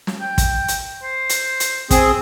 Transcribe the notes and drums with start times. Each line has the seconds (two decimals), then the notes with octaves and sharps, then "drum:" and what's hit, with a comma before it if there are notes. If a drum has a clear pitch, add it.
0.07 drum: snare
0.21 G5
0.38 drum: kick, hi-hat
0.68 drum: hi-hat
1.03 C5
1.29 drum: hi-hat
1.60 drum: hi-hat
1.91 C4 G#4, drum: kick, hi-hat